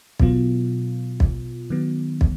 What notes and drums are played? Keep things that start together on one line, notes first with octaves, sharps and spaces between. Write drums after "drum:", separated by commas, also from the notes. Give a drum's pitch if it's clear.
B2 F#3 B3 F4, drum: kick
drum: kick
D#3 F#3 B3
drum: kick